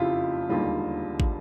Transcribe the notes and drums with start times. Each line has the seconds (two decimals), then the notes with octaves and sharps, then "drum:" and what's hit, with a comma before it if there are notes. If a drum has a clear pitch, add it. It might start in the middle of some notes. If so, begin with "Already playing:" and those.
Already playing: F#1 F2 C#3 E4 F4 G4
0.49 E1 D#2 D3 G3 F4
1.20 drum: kick